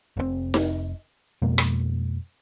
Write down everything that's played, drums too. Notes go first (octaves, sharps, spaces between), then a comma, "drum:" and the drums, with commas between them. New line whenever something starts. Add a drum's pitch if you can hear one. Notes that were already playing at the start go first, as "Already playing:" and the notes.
F1 A2 C4
drum: snare D#4
F2 B2 G#3 A#3
drum: rim click